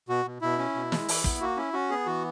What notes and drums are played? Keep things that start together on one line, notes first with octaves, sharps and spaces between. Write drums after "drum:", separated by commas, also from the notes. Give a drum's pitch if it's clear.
B2 F#4
B2
B2 E4
C#4
B2
G#3, drum: snare
E3, drum: open hi-hat
B3, drum: kick
A#3 F#4
C#4 E4
C#4 F#4
B3 G#4
E3 F#4